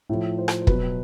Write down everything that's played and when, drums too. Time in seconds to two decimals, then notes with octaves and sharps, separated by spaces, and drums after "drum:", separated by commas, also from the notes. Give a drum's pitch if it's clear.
0.10 A2 F3
0.38 C5
0.48 drum: rim click
0.62 C5
0.67 B2 F#3 B4, drum: kick